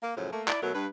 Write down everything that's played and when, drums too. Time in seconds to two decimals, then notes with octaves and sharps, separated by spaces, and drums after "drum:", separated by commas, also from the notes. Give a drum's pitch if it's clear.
0.03 A#3
0.17 F#2 A2 C#3 F3
0.32 A3 A#3
0.48 E4 D5, drum: clap
0.63 B2 F#3 A3 A#4
0.74 G2 B4